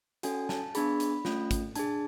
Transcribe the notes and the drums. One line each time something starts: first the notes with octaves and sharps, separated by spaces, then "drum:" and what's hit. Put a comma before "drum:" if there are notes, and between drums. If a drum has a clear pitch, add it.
C#4 F#4 A4 G#5, drum: hi-hat
A5, drum: snare
B3 D4 G#4 B5, drum: hi-hat
drum: hi-hat
A3 C#4 F4, drum: snare
drum: kick, hi-hat
D4 G#4 A5, drum: hi-hat